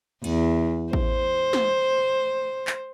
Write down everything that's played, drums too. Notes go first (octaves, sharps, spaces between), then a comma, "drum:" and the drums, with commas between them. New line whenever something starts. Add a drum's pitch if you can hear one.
E2, drum: cymbal
C5, drum: kick A1
drum: snare
drum: clap